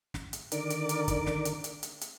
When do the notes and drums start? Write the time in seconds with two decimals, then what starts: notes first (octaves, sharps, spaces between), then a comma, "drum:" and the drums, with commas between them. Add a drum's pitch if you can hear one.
0.14 drum: snare
0.33 drum: hi-hat
0.52 D3 D#3 A#4 D5 D6, drum: hi-hat
0.70 drum: hi-hat
0.89 drum: hi-hat
1.08 drum: kick, hi-hat
1.26 drum: snare
1.45 drum: hi-hat
1.64 drum: hi-hat
1.83 drum: hi-hat
2.01 drum: hi-hat